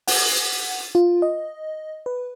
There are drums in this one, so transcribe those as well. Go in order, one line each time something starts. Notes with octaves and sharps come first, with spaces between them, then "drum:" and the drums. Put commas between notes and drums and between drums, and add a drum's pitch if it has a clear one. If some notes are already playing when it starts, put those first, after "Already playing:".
F#5, drum: open hi-hat
F4
D#5
B4